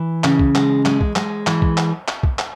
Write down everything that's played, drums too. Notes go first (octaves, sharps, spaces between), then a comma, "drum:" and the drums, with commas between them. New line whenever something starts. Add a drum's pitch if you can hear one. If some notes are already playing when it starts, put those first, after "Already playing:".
Already playing: E3
C#3, drum: clap
drum: kick B1
G#3, drum: clap
G#3, drum: clap
drum: kick B1
G#3, drum: clap
E3, drum: clap
drum: kick B1
drum: clap
drum: clap
drum: kick B1
drum: clap